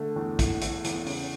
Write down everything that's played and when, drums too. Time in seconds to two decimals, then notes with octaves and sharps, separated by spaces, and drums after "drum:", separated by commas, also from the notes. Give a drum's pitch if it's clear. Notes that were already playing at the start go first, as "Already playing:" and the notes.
Already playing: D3 A3
0.16 E2
0.39 E4, drum: kick, hi-hat
0.61 E4, drum: hi-hat
0.84 E2, drum: hi-hat
1.06 C#3, drum: open hi-hat